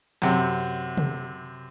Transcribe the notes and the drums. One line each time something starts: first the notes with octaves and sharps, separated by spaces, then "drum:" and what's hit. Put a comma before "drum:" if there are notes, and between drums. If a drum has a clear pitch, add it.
F#2 C3
drum: tom C3